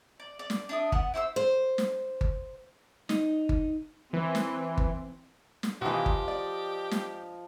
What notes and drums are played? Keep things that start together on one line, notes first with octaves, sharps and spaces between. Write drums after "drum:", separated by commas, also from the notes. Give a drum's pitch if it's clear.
D5
D5
drum: snare
D4 E4 D#6
B3 F#5, drum: kick G1
E4 C5 C#6 E6
C5
drum: snare
drum: kick G1
D#4, drum: snare
drum: kick G1
E3 C4
drum: snare
drum: kick G1
drum: snare
B1 E3 F3 G4 D#5
drum: kick G1
D5
drum: snare